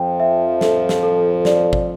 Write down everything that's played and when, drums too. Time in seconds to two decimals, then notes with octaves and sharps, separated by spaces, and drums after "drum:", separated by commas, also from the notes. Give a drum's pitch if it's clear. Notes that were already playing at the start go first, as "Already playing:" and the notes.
Already playing: F2 F3 G5
0.20 E5
0.61 A4, drum: snare
0.89 drum: snare
1.03 A4
1.45 D5, drum: snare
1.73 drum: kick G#1